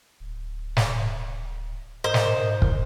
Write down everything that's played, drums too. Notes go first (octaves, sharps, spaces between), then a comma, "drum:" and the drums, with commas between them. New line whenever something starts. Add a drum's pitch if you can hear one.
D1
drum: snare
G#2 A#4 C5 D#5
drum: snare
drum: kick